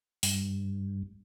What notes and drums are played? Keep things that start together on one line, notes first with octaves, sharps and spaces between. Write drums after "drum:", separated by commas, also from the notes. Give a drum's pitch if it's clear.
G2, drum: open hi-hat